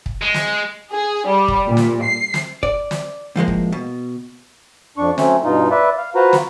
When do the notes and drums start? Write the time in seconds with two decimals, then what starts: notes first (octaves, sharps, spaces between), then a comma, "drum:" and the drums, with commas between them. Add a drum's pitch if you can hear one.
0.06 drum: kick
0.22 G#3
0.34 drum: snare
0.91 G#4
1.28 G3
1.48 drum: kick
1.67 A#2
1.77 drum: snare
2.03 C7
2.34 drum: snare
2.63 D5, drum: kick
2.91 drum: snare
3.36 A2 F3 G#3 A#3
3.48 drum: kick
3.72 B2
4.98 F2 D4 C#6
5.18 F#3 A3 C4 C#4, drum: snare
5.44 G2 B2 D#4 F4
5.71 B4 D5 E5
5.98 F5
6.15 F4 F#4 B4 C5 A#5
6.33 drum: snare